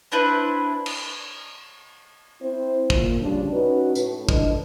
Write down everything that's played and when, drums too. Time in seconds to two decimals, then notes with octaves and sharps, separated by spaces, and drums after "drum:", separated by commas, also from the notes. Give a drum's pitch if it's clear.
0.12 C4 D4 E4 B4
0.86 drum: cymbal
2.41 C4 E4 C5
2.90 A#2, drum: kick
3.19 D2 C#3 F3 G3 D4
3.52 C#4 D#4 F#4 B4
3.95 A2, drum: tambourine
4.29 G#2 F3 D4 A4 B4 D#5, drum: kick